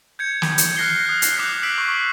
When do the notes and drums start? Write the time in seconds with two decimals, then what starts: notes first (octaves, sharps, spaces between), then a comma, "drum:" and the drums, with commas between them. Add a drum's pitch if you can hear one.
0.19 G6 G#6 C#7
0.42 drum: snare
0.58 drum: hi-hat
0.77 F6 F#6 A#6 C7 G7
1.06 D#6 F#6
1.22 drum: hi-hat
1.36 D6 D#6 F#6 G6 B6 C7
1.63 E6 F#6 B6 C7 D7 F#7
1.78 C#6 D6